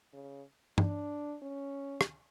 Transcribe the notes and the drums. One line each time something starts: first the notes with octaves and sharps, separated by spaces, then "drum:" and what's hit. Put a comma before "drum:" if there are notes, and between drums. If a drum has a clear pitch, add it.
C#3
D4, drum: tom G2
C#4
drum: rim click